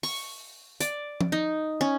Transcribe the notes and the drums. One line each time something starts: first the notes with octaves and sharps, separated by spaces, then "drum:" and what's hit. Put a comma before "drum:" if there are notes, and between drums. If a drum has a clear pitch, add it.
C#6, drum: open hi-hat
D5, drum: hi-hat
drum: tom F3
D#4
C#4